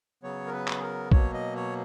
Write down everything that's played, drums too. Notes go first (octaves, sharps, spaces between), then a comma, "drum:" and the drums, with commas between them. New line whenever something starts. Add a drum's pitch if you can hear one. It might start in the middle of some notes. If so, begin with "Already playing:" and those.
C#3 F#3 B3 C#5
A#4
B4
drum: clap
G#4
A#4
B2 F#3 A#3 C#5, drum: kick
D#5
C#5